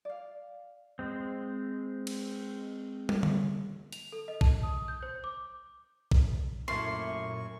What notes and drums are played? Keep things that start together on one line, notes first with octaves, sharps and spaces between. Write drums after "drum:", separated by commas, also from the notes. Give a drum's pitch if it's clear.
D5 F5
G#3 C4
drum: cymbal
drum: tom
drum: tom D3
F7, drum: hi-hat
A4
D#5
A5, drum: kick
D#6
G6
C5
D6
drum: kick
F#2 A#2 A3 A#3 E4 C6 C#6